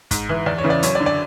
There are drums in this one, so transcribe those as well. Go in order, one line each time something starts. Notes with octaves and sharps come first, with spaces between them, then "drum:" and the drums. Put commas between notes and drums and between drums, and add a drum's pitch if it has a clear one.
G#2, drum: kick, hi-hat
E3
E2 D5
C#5
C#3 E3
D5
F#2 C#5, drum: hi-hat
D5
D3
D5